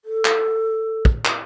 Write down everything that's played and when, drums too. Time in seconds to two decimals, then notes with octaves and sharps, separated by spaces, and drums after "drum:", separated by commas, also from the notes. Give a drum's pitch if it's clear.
0.05 A4
0.25 drum: clap
1.05 drum: kick
1.25 drum: clap